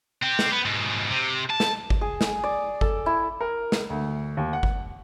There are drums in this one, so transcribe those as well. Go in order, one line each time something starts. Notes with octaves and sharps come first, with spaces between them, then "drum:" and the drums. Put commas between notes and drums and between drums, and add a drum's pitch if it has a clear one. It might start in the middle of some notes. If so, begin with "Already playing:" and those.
C4 G4
drum: snare
B3
G#2 B2
C3
A5
drum: snare
drum: kick G1
G#4
drum: snare
D5
A4, drum: kick G1
E4
A#4
drum: snare
D2
D#2
F#5
drum: kick G1